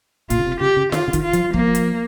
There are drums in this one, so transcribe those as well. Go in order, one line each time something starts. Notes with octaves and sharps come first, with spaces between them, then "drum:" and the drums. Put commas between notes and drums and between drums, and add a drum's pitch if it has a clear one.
A#2 F4, drum: kick, hi-hat
C#3
C3
C#3 G4
C#3
D#3 F4, drum: snare F4
C#3
D#3, drum: kick, hi-hat
F4
F3, drum: hi-hat
F3 A#3, drum: kick
drum: hi-hat